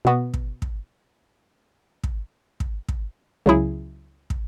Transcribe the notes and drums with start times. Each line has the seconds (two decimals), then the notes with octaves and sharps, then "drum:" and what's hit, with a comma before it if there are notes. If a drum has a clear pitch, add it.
0.05 B2 B3 F#4
0.34 drum: kick
0.62 drum: kick
2.04 drum: kick
2.60 drum: kick
2.89 drum: kick
3.46 C#2 C#3 F#3 E4 G#4
4.30 drum: kick